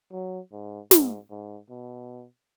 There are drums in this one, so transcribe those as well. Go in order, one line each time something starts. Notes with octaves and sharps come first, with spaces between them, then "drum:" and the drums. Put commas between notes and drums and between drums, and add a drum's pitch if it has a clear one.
F#3
G#2
G#2, drum: snare
G#2
B2